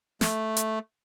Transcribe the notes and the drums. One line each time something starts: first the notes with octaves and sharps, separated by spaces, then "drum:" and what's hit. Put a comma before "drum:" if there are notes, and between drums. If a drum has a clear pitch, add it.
A3, drum: snare
drum: hi-hat